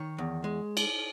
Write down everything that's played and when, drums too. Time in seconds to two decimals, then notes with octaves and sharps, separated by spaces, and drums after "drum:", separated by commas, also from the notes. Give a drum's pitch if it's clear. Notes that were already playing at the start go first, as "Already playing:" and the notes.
Already playing: D#3 C#5
0.18 E2
0.44 G#3
0.77 drum: cymbal